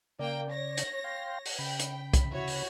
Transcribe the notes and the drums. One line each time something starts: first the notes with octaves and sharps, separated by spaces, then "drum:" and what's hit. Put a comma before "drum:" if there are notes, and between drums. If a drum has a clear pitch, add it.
C#3 A#3 D5 G5
C#5 A#6
drum: hi-hat
F5 G5 C6
drum: open hi-hat
C#3 G5 B5
drum: hi-hat
drum: kick C2, hi-hat
E4 F#4 C#5
drum: open hi-hat